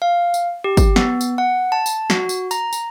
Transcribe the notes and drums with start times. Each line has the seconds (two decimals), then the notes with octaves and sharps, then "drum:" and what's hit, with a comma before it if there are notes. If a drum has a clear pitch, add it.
0.02 F5
0.34 drum: tambourine
0.64 G4
0.77 drum: kick, tambourine
0.96 B3, drum: snare
1.21 drum: tambourine
1.38 F#5
1.72 A5
1.86 drum: tambourine
2.10 F#4, drum: snare
2.29 drum: tambourine
2.51 A#5, drum: tambourine
2.73 drum: tambourine